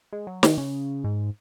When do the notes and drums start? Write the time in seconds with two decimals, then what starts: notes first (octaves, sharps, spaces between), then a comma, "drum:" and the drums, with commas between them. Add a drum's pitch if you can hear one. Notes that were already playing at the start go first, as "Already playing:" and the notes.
0.13 G#3
0.27 F#3
0.43 D#3, drum: snare
0.58 C#3
1.04 G#2